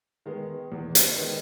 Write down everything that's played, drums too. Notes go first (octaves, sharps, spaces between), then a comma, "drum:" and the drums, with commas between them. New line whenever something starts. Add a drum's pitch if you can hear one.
D#3 G#3 B3
E2
drum: hi-hat
D#3 G#3 B3